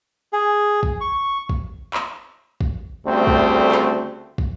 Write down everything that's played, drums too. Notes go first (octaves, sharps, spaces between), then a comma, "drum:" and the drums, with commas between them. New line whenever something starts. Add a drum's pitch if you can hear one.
G#4
drum: kick
C#6
drum: kick
drum: clap
drum: kick
D2 C#3 G3 A3 C4
drum: kick
drum: clap
drum: kick